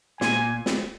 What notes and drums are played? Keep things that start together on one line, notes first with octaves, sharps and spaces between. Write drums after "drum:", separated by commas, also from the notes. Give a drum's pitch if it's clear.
A#2 G#5, drum: snare
drum: snare